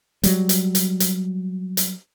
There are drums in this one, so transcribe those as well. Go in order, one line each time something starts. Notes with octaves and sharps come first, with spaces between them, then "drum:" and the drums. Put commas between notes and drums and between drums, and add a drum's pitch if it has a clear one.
F#3 G3, drum: hi-hat
drum: hi-hat
drum: hi-hat
drum: hi-hat
drum: hi-hat